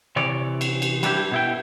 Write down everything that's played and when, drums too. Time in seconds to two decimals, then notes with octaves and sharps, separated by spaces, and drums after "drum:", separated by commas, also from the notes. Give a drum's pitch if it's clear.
0.16 C3 E3 C#5 D5
0.61 drum: cymbal
0.82 drum: cymbal
1.03 G3 D4 E4 G4, drum: cymbal
1.32 B2 E4 G5